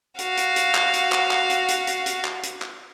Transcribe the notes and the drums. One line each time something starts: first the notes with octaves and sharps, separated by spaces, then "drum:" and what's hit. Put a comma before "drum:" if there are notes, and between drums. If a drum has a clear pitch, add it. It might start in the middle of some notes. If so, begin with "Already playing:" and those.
F#4 F5, drum: hi-hat
drum: hi-hat
drum: hi-hat
drum: clap
drum: hi-hat
drum: clap
drum: clap
drum: hi-hat
drum: hi-hat
drum: hi-hat
drum: hi-hat
drum: clap
drum: hi-hat
drum: clap